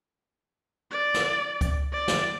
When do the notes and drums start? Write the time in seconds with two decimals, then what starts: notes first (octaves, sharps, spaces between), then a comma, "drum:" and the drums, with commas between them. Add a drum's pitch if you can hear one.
0.91 D5
1.14 drum: snare
1.61 drum: kick C#2, hi-hat
1.92 D5
2.08 drum: snare